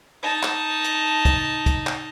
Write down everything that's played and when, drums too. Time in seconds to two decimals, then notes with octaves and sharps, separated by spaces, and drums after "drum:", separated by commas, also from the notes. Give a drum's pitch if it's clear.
0.23 D#4 A5
0.43 drum: clap
0.84 drum: hi-hat
1.25 drum: kick, hi-hat
1.66 drum: kick, hi-hat
1.87 drum: clap